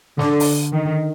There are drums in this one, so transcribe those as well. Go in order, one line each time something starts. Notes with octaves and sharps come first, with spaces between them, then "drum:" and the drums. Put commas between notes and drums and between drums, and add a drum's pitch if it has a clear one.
D3, drum: snare
drum: open hi-hat
D#3